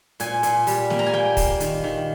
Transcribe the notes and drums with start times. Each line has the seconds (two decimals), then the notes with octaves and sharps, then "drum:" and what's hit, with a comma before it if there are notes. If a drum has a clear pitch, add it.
0.20 A#2 G#5, drum: hi-hat
0.43 A#2, drum: hi-hat
0.67 G3, drum: open hi-hat
0.90 A#3, drum: snare
0.99 A#5
1.06 G#5
1.13 A#3 G5
1.37 A#3, drum: kick, open hi-hat
1.60 D#3, drum: hi-hat
1.84 D#3